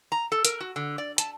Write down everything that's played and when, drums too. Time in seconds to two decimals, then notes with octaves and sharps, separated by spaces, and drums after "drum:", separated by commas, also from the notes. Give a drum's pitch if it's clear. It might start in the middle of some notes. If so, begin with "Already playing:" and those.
0.12 A#5
0.32 A4
0.45 A#4, drum: hi-hat
0.60 F#4
0.76 D3
0.98 D5
1.18 A5, drum: hi-hat